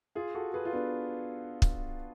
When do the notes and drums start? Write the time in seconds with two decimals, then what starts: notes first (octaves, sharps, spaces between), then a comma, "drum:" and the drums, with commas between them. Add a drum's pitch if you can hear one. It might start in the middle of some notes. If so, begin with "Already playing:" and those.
0.15 F4 G#4
0.35 F#4 A4
0.54 G#4 B4
0.65 F4
0.73 B3 D4
1.62 drum: kick